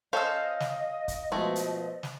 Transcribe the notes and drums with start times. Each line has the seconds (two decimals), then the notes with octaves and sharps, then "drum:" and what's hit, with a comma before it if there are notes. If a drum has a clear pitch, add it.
0.13 C#4 A4 C5 D#5 F5 E6
0.60 drum: snare
1.08 drum: kick, hi-hat
1.32 B2 F3 G#3 A3
1.56 drum: hi-hat
2.03 drum: snare